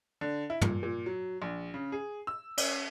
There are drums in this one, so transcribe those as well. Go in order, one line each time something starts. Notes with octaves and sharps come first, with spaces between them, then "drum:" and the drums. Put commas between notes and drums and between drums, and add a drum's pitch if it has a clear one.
D3
E4
A#2, drum: tom
A#2
F#3
A#1
C#3
G#4
E6
C#4, drum: cymbal